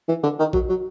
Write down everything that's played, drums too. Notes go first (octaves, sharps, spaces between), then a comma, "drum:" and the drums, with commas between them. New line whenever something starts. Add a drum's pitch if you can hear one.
E3
D3
D#3
F#3, drum: kick
F#3